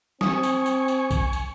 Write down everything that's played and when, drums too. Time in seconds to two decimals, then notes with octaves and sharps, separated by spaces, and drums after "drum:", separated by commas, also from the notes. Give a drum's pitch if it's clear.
0.21 C4 G#5 C#6 D#6, drum: snare
0.43 drum: tambourine
0.66 drum: tambourine
0.88 drum: tambourine
1.11 drum: kick B1, tambourine
1.33 drum: tambourine